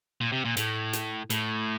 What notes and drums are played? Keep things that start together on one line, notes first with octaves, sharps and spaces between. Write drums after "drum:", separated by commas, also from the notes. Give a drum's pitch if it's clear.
A#2
C3
A#2
A2, drum: hi-hat
drum: hi-hat
A2, drum: hi-hat